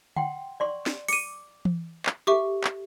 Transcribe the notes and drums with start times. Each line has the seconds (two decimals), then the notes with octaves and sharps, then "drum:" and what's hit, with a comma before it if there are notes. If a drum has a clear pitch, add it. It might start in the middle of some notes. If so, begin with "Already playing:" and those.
0.16 F#5 G5 C6, drum: tom D3
0.60 D5 C6 C#6
0.86 drum: snare
1.08 D6 C#7 D#7, drum: open hi-hat
1.65 drum: tom E3
2.06 drum: clap
2.27 G4 A4 E5 C#6 D6
2.64 drum: clap